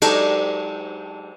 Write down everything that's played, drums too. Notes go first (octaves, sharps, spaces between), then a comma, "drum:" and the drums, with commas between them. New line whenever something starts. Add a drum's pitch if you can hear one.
F#3 G#3 D4 D#4 G4 A4, drum: cymbal